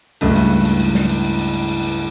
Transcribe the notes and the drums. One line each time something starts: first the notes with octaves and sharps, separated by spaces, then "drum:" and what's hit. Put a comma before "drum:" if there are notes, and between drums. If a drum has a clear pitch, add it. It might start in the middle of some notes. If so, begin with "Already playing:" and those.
C#2 G2 A3, drum: cymbal
drum: cymbal
drum: cymbal
drum: cymbal
drum: snare
drum: cymbal
drum: cymbal
drum: cymbal
drum: cymbal
drum: cymbal
drum: cymbal